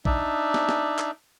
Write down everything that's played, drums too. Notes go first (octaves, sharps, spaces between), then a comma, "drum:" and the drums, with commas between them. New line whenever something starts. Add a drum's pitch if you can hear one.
D4 D#4 D5 E5, drum: kick A#1
drum: snare
drum: snare
drum: clap